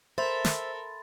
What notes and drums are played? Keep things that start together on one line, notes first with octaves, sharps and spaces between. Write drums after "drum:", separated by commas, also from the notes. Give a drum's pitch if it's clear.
A4 A#4 C5 E5 B5 C6 A6
drum: snare